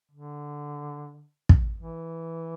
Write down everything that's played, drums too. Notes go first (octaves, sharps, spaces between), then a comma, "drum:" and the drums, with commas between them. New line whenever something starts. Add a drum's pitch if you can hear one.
D3
drum: kick
E3